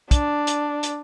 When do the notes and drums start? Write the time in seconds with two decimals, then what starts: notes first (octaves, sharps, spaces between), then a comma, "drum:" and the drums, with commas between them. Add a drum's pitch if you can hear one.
0.11 D4, drum: kick, hi-hat
0.47 drum: hi-hat
0.83 drum: hi-hat